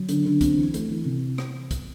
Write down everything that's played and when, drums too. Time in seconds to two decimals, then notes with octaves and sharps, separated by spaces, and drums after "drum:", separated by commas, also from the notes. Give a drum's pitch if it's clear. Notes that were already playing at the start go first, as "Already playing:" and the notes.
Already playing: F#3
0.09 D3, drum: hi-hat
0.25 D3
0.41 C4, drum: kick, hi-hat
0.57 E3
0.74 A3, drum: hi-hat
0.90 E3
1.05 C3
1.38 drum: rim click
1.71 drum: kick, hi-hat